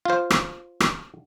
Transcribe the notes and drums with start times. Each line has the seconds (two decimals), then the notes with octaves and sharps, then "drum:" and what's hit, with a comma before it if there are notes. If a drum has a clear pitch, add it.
0.05 F4 C5
0.30 drum: rim click
0.80 drum: rim click